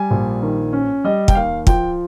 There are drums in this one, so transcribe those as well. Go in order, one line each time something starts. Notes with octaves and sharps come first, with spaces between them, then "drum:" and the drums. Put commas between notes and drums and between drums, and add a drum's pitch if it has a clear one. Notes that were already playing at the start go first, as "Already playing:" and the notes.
Already playing: G3 G#5
A#1
D#3
C#4
G3 D#5
G5, drum: kick
D#2 F5
F3 G5, drum: kick